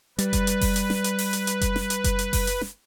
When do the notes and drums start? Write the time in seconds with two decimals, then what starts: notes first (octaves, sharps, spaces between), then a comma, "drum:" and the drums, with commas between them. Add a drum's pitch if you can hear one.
0.18 G3 B4, drum: hi-hat
0.33 drum: kick F#1, hi-hat
0.47 drum: hi-hat
0.61 drum: kick F#1, open hi-hat
0.76 drum: hi-hat
0.90 drum: snare
1.04 drum: hi-hat
1.19 drum: open hi-hat
1.33 drum: hi-hat
1.47 drum: hi-hat
1.61 drum: kick F#1, hi-hat
1.76 drum: snare
1.90 drum: hi-hat
2.04 drum: kick F#1, hi-hat
2.19 drum: hi-hat
2.33 drum: kick F#1, open hi-hat
2.47 drum: hi-hat
2.61 drum: snare